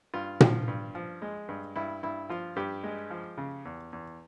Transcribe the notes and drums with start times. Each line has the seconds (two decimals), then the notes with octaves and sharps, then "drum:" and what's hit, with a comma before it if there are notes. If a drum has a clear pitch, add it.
0.14 G2 F4
0.40 F3, drum: tom A#2
0.68 G2
0.95 F3
1.22 G#3
1.49 G2
1.76 G2 E4
2.03 G2 E4
2.29 F3 F4
2.56 G2 G4
2.83 G#3
3.10 F3
3.38 C#3
3.65 E2
3.93 E2